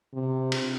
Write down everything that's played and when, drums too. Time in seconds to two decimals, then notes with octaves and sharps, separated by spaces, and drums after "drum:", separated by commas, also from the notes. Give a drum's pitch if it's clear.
0.13 C3
0.52 drum: cymbal